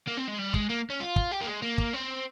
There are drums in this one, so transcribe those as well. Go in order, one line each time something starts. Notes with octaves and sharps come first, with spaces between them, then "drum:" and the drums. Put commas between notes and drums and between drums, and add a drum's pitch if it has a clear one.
A#3
C4
G#3
G3
G#3, drum: kick
A#3
C#4
F4
drum: kick
G4
A#3
G#3
A#3
drum: kick
C4